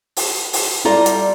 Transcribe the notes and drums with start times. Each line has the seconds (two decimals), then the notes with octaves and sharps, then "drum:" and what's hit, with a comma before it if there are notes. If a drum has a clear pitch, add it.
0.16 drum: open hi-hat
0.53 drum: open hi-hat
0.85 G3 E4 F4 A4 D5 A#5
1.06 drum: hi-hat